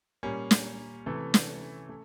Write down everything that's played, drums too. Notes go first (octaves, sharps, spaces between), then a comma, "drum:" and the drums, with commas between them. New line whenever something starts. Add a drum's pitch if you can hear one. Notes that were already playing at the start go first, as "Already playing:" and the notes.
A#2 G3 A#3 C#4
drum: snare
C3 E3 A3
drum: snare
A3